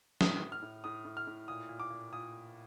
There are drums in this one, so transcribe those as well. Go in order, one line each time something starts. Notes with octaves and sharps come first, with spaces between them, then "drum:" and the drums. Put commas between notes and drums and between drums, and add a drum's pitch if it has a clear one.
A2 D#6, drum: snare
A2
F6
A2
A2 D#6
A2
F6
A2
A#2 D#6
A#2
D6
A#2
A#2 D#6